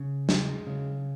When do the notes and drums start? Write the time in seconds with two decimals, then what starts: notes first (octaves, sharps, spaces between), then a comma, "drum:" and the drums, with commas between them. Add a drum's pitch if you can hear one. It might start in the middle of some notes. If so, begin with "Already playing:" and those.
Already playing: C#3
0.29 G#3, drum: snare
0.67 C#3